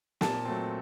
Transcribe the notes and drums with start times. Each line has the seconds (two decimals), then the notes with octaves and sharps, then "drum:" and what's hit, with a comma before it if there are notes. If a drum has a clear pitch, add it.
0.21 A#2 A5, drum: snare
0.45 F#3 A3 C4